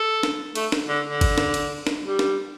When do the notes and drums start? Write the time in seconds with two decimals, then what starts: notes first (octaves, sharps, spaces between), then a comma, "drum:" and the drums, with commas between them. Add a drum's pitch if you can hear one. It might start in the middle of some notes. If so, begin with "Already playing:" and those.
Already playing: A4
0.23 drum: snare
0.55 A3, drum: cymbal
0.72 drum: snare
0.88 D3
1.05 D3
1.21 drum: kick G1, cymbal
1.38 drum: snare
1.54 drum: cymbal
1.87 drum: snare
2.03 G3
2.19 drum: snare